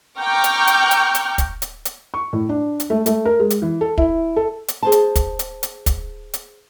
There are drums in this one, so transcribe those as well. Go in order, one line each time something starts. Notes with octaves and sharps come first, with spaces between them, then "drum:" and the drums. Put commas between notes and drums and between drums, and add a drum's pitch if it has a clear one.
G5 A#5 C#6 D6 F6 G6
drum: hi-hat
drum: hi-hat
drum: hi-hat
drum: hi-hat
drum: kick, hi-hat
drum: hi-hat
drum: hi-hat
C#6
A2
D4
drum: hi-hat
A3
A3, drum: hi-hat
A#4
G#3
drum: hi-hat
E3
A4
E4, drum: kick
A4
drum: hi-hat
G#4 C5 A5
drum: hi-hat
drum: kick, hi-hat
drum: hi-hat
drum: hi-hat
drum: kick, hi-hat
drum: hi-hat